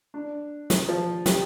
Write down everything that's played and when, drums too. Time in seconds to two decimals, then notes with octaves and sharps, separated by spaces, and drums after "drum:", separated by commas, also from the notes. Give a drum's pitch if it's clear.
0.14 D4
0.70 drum: snare
0.89 F3
1.26 G3, drum: snare